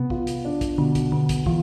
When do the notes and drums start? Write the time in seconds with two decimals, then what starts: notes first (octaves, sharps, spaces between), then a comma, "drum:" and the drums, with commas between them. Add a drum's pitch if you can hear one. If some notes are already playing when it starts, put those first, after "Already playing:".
Already playing: C3 B3
0.10 F4, drum: kick
0.27 drum: hi-hat
0.45 D4
0.61 drum: kick, hi-hat
0.78 B2 D3
0.95 drum: kick, hi-hat
1.12 D3 B3
1.29 drum: kick, hi-hat
1.46 E3 F4, drum: kick